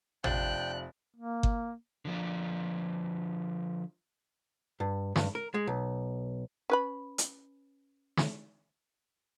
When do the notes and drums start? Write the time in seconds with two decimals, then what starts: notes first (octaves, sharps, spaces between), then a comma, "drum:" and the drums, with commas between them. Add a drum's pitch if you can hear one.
0.24 F1 D4 F4 G5 F#6 F#7, drum: tom
1.17 A#3
1.43 drum: kick G1
2.05 D3 F3 D4
4.80 G2
5.16 G2, drum: snare
5.35 A#4
5.54 G#3
5.67 B1
6.70 C#4 B4 B5
7.18 drum: hi-hat
8.17 drum: snare